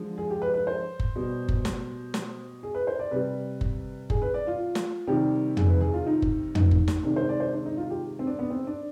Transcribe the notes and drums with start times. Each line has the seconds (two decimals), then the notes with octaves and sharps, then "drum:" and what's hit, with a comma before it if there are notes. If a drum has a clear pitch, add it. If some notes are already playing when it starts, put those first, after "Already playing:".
Already playing: D3 F3 G#3
0.18 G#4
0.30 G4
0.42 B4
0.54 B4
0.67 C5
0.99 drum: kick F#1
1.16 B2 G3
1.49 drum: kick F#1
1.65 drum: snare
2.14 drum: snare
2.63 G#4
2.75 B4
2.87 C5
2.99 D5
3.11 C3 G3 B4
3.61 drum: kick F#1
4.10 G#4, drum: kick F#1
4.22 B4
4.34 D5
4.47 F4
4.75 drum: snare
5.07 C3 D#3 G3 G4
5.57 G#4, drum: tom
5.69 B4
5.81 G#4
5.94 F4
6.07 D#4
6.22 drum: kick F#1
6.55 D#4, drum: tom
6.71 drum: kick F#1
6.88 drum: snare
7.03 C3 D#3 G#3 D4
7.16 C5
7.29 D5
7.40 C5
7.53 D4
7.66 D#4
7.77 F4
7.90 G4
8.19 C4
8.27 D4
8.39 B3
8.50 C4
8.67 D4